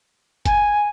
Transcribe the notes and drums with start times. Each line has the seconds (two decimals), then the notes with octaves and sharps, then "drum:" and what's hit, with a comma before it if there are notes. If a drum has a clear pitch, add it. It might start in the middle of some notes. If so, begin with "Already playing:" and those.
0.46 G#5, drum: kick, hi-hat